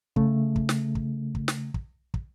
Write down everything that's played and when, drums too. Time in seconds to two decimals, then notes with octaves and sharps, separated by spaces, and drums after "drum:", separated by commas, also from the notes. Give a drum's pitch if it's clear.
0.16 C#3 A3, drum: kick
0.56 drum: kick
0.69 drum: snare
0.95 drum: kick
1.35 drum: kick
1.48 drum: snare
1.74 drum: kick
2.14 drum: kick